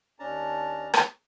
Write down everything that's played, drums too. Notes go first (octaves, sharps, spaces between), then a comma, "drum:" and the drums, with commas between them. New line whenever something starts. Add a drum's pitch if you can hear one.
D#2 C#4 D4 A5 A#5
drum: rim click